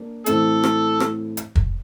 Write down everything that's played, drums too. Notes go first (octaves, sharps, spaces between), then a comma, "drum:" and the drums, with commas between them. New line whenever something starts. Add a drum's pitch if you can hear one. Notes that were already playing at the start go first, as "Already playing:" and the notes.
Already playing: A#3 D4
A2 E3 A3 C4 A4, drum: hi-hat
drum: rim click
drum: rim click
drum: hi-hat
drum: kick